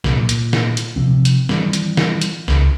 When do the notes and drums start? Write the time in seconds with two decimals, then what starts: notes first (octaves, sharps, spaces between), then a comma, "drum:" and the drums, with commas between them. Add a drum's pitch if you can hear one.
0.04 C2 A#2 F#3, drum: snare
0.16 A#2
0.29 drum: hi-hat
0.53 drum: snare
0.77 drum: hi-hat
0.96 C3 F3 C4
1.25 drum: hi-hat
1.49 D#3 E3 G3 C4, drum: snare
1.73 drum: hi-hat
1.97 drum: snare
2.21 drum: hi-hat
2.48 C#2, drum: snare